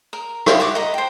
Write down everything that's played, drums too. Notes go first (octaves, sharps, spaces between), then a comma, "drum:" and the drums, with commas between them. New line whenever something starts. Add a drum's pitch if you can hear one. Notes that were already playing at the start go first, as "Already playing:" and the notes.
A#4
E4 F4 G4, drum: rim click
F#4 F#5 D6
D#5 F#5 A#5 B5
C5 G5